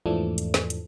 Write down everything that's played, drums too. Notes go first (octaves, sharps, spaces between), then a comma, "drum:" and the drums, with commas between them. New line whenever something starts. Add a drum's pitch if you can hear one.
E2 G#2 E3 F3 A3 D4
drum: hi-hat
drum: snare
drum: hi-hat